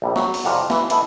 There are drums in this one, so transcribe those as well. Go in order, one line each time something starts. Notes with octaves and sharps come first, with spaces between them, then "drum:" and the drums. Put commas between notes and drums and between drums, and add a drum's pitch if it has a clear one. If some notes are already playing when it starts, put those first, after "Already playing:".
A#1 G3
F#3, drum: snare
drum: open hi-hat
C2 F2 D5 F5 F#5 A#5
E3, drum: snare
B3 E4 A4 D#5 G#5, drum: hi-hat